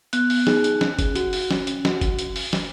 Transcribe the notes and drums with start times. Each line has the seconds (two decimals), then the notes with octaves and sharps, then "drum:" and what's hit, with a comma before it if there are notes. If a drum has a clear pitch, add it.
0.13 B3 F#6, drum: hi-hat
0.30 drum: open hi-hat
0.47 D#4 G#4, drum: snare
0.64 drum: hi-hat
0.81 C#4, drum: snare
0.99 drum: kick F#1, hi-hat
1.16 F#4, drum: hi-hat
1.33 drum: open hi-hat
1.51 C#4, drum: snare
1.67 drum: hi-hat
1.85 F#4, drum: snare
2.01 drum: kick F#1, hi-hat
2.19 drum: hi-hat
2.36 drum: open hi-hat
2.53 drum: snare